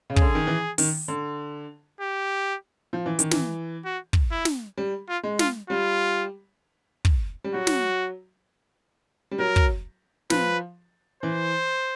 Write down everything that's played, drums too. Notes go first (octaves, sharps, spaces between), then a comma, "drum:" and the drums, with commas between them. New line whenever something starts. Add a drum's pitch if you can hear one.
C#3
G#4, drum: kick
D3
D#3
E3
D#3, drum: open hi-hat
D3
G4
F3
E3
D#3, drum: hi-hat
E3, drum: snare
F#4
drum: kick
E4
drum: snare
G3
F4
G#3
F4, drum: snare
G3 F4
drum: kick
G3
F#3 F#4
drum: snare
G3
F#3 A#4
drum: kick
F3 B4, drum: snare
E3 C5